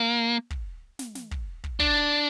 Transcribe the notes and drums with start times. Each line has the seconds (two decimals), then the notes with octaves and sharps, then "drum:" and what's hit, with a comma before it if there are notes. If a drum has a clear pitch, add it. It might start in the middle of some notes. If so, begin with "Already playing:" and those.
Already playing: A#3
0.50 drum: kick
0.99 drum: snare
1.15 drum: snare
1.31 drum: kick
1.64 drum: kick
1.80 D4, drum: kick